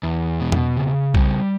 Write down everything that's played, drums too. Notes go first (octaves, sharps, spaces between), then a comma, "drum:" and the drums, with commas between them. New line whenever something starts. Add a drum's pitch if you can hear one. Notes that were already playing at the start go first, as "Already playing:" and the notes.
E2
B2
drum: tom E2
C#3
G3, drum: kick B1